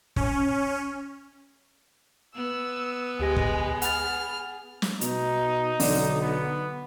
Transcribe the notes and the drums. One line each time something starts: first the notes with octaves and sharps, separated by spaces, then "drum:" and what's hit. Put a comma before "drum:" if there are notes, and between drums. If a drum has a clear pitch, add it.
C#4, drum: kick
B3 E6
D2 G#3 G4 G#4 A#6
drum: kick
F#5 B5 F6 A6, drum: hi-hat
drum: snare
B2 D#4, drum: hi-hat
B1 D3, drum: open hi-hat
B3